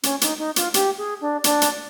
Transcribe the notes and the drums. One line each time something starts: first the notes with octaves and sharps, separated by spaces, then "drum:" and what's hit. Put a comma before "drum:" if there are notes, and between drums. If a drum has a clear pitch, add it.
C#4, drum: hi-hat
D#4, drum: hi-hat
D#4
F4, drum: hi-hat
G4, drum: hi-hat
G#4
D4
D4, drum: hi-hat
drum: hi-hat